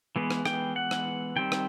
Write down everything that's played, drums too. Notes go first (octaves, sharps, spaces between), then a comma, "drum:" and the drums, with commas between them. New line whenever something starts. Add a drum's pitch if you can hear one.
E3 G#3 B3
drum: rim click
G5, drum: rim click
F#5
drum: rim click
D#3 G3 C4 G5
drum: rim click